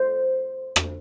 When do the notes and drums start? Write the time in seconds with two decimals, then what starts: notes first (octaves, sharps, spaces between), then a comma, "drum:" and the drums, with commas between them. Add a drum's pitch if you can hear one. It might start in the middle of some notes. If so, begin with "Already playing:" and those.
Already playing: C5
0.76 drum: rim click